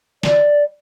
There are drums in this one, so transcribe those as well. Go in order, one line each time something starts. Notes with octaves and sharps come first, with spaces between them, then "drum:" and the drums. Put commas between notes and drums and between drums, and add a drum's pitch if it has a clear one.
D5, drum: snare